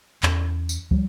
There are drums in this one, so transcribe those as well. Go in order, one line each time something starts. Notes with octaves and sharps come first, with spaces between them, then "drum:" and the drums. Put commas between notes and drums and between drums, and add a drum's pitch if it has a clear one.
E2 C#4, drum: clap
drum: tambourine
F3 G3, drum: kick